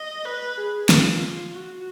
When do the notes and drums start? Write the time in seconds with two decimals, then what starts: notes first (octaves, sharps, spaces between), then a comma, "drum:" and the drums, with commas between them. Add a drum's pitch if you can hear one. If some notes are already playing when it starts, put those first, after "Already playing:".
Already playing: D#5
0.25 B4
0.57 G#4
0.89 F4, drum: snare
1.54 F#4